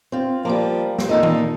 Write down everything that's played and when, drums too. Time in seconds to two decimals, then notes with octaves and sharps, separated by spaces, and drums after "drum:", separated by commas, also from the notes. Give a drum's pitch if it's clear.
0.12 C4 F4
0.45 F3 G3 A#3
0.98 drum: snare
1.09 A#2 D#4 A4 D#5
1.23 drum: tom D#3